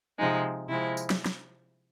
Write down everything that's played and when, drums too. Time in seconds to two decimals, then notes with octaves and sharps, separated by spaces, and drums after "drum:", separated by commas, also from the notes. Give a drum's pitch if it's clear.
0.18 C3 F3 G#3 D#4
0.69 C3 F3 G#3 E4
0.97 drum: tambourine
1.10 drum: snare
1.26 drum: snare